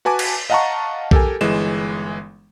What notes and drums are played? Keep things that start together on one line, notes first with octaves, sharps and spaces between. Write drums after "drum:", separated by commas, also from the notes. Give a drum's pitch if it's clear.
F#4 B4 G#5 A5 D6
drum: cymbal
D#5 F5 F#5 A5 A#5 C#6
G4 A4 A#4 G#5, drum: kick B1
G1 E3 G#3 E7